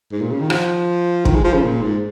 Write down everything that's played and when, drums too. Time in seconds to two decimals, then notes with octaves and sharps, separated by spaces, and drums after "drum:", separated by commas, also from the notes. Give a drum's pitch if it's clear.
0.12 G#2
0.22 A#2
0.31 C#3
0.40 D#3
0.50 F3, drum: rim click
1.25 D#3, drum: kick
1.35 G#3
1.44 F3
1.54 C#3
1.63 A#2
1.82 G#2